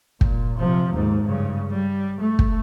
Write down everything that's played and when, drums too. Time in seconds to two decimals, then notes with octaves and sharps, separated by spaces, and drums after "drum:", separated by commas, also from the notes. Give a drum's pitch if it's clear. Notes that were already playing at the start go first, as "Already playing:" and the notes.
0.21 A#2, drum: kick
0.59 C3 F3
0.92 D#2 G#2
1.24 G2 C#3
1.71 G3
2.21 A3
2.39 drum: kick